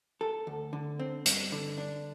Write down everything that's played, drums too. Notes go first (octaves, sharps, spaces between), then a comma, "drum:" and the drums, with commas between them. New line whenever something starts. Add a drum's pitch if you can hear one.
A4
D2
D3
C4
G2, drum: hi-hat
D3
D4